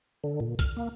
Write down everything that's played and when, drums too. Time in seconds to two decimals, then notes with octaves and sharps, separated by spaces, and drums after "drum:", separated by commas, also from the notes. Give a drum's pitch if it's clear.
0.24 D3
0.40 A#2
0.59 F6, drum: kick, hi-hat
0.77 A#3